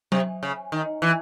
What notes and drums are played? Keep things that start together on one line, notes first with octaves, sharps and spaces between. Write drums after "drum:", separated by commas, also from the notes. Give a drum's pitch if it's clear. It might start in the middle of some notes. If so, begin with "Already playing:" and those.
C3, drum: tom F#3
C#3
D#3
E3